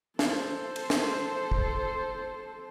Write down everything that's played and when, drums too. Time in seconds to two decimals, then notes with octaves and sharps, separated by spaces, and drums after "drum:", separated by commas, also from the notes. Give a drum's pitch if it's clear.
0.19 A4 C5, drum: snare
0.76 drum: cymbal
0.90 drum: snare
1.52 drum: kick